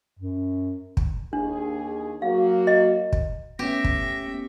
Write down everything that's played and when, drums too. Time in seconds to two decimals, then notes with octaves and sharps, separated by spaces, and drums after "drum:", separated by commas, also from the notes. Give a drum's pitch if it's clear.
0.19 F#2
0.97 drum: kick
1.33 D#2 D4 G#4
2.22 F#3 A#3 F#4 F5
2.67 D#5
3.13 drum: kick
3.59 A3 B3 C#4 G4 E5 G5 A#6
3.84 drum: kick